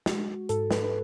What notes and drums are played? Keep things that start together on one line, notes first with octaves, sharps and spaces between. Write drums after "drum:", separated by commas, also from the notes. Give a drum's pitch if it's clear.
G#3 F#4, drum: snare
G#2 A4, drum: hi-hat
B4, drum: snare
B4